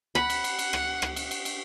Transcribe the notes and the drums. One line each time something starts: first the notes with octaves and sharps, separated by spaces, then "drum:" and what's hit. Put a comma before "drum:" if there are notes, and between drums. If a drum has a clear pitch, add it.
F#5 B5, drum: rim click
drum: cymbal
drum: cymbal
drum: cymbal
drum: rim click
drum: rim click
drum: cymbal
drum: cymbal
drum: cymbal